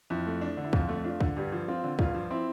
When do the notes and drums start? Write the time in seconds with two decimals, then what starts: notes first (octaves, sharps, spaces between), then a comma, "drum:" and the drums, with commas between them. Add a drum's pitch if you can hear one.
0.10 F2 E4
0.27 A3
0.41 D4
0.57 D3
0.64 E4
0.73 F2 F4, drum: kick
0.89 A3
1.04 D4 F4
1.21 D3, drum: kick
1.37 G2 G4
1.52 F3
1.68 C4 F4
1.84 D3
1.99 G2 F4, drum: kick
2.15 F3
2.31 C4 E4